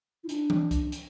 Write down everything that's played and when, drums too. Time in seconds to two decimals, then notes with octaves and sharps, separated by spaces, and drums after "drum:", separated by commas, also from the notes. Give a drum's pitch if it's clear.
0.24 E4
0.29 D4, drum: hi-hat
0.50 drum: tom E3
0.71 drum: kick, hi-hat
0.92 drum: hi-hat